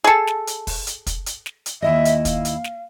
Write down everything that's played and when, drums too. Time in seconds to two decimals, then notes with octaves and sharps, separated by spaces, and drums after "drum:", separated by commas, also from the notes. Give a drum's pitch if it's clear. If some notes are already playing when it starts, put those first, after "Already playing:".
0.04 G#4 A4
0.28 drum: snare
0.47 drum: hi-hat
0.67 drum: kick, open hi-hat
0.87 drum: hi-hat
1.07 drum: kick, hi-hat
1.26 drum: hi-hat
1.46 drum: snare
1.66 drum: hi-hat
1.82 D#2 E4 D#5 E5
2.05 drum: hi-hat
2.25 F5, drum: kick, hi-hat
2.45 drum: hi-hat
2.64 drum: snare